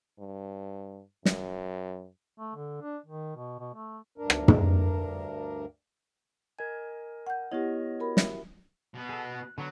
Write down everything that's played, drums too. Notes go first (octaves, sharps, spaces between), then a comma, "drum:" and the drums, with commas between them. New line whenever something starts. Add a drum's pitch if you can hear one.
G2
F#2, drum: snare
A3
D3
D4
D#3
B2
B2
A3
D2 G2 D4 A#4
drum: rim click
drum: tom
A#4 D#5 G#5 G#6
F#5 G6
B3 E4 G4 C#5 D#5
F#4 A#4 B5
E5, drum: snare
B2 B3
G#4 A4
F#6
D3 F#3 B3 F#4